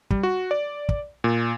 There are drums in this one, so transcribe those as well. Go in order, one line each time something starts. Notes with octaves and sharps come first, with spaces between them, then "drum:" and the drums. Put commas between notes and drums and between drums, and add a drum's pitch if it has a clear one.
G3, drum: kick
F#4
D5
drum: kick
A#2